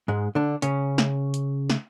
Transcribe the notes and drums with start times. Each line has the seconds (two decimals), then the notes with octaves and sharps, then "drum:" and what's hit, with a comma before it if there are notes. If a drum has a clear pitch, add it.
0.08 G#2 G#3
0.35 D3 D4
0.62 C#3 C#4, drum: hi-hat
0.98 drum: snare
1.34 drum: hi-hat
1.70 drum: snare